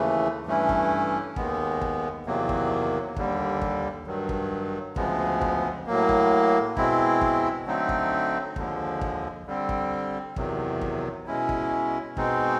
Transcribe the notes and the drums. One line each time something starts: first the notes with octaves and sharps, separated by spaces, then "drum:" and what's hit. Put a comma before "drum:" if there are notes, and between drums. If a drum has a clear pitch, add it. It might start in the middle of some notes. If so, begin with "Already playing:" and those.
Already playing: D#2 C#3 E3 A3
G2 E3 A3 C#4 E4
drum: kick
D#2 D#3 G#3 B3, drum: kick
drum: kick
E2 C3 D#3 F#3 A#3
drum: kick
D#2 D3 G3, drum: kick
drum: kick
G2 D#3 F#3
drum: kick
D2 C#3 F3 G#3 B3, drum: kick
drum: kick
A2 F#3 A#3
drum: kick
B2 G#3 C4 E4, drum: kick
drum: kick
D3 F#3 A3 C4 D#4
drum: kick
D#2 D3 F3 G#3, drum: kick
drum: kick
D3 G3 C4
drum: kick
E2 C3 D#3 F#3, drum: kick
drum: kick
B2 G#3 C#4 E4
drum: kick
B2 G#3 C4 D#4, drum: kick